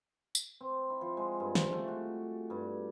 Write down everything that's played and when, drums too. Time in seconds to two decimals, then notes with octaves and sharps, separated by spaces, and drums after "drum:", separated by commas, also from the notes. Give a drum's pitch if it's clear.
0.35 drum: tambourine
0.61 C4
0.90 E4
1.01 F3
1.17 G#3
1.40 G2
1.55 F3, drum: snare
1.73 A3
1.88 F#4
2.50 G2